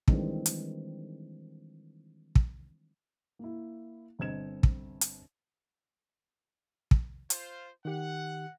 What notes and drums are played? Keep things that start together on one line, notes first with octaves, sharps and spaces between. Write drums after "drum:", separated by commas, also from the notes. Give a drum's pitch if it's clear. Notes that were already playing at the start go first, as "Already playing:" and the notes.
D#3 E3 G3 G#3 C4 D4, drum: kick
drum: hi-hat
drum: kick
A#3 E4
G1 C4 D#5 G#6 E7
drum: kick
drum: hi-hat
drum: kick
F4 C5, drum: hi-hat
D#3 G4 F#5